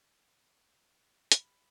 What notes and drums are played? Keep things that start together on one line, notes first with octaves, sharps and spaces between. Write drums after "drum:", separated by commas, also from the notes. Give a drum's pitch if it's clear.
B5, drum: hi-hat